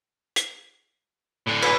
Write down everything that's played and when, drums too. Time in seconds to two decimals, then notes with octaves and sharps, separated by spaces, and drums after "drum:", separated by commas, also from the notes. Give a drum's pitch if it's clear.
0.36 drum: hi-hat
1.48 A2 D3
1.62 B4, drum: cymbal